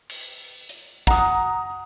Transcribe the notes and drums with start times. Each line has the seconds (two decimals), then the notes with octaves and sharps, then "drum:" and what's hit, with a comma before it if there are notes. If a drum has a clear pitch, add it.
0.10 drum: cymbal
0.69 drum: hi-hat
1.07 F#5 A#5 D#6, drum: kick